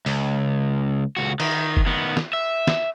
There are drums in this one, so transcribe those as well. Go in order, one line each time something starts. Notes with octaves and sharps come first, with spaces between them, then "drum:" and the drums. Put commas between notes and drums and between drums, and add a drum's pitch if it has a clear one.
C#2, drum: open hi-hat
C#2 F#4
D#3, drum: cymbal
drum: kick F#1
D#3 B3
drum: snare
E5
drum: snare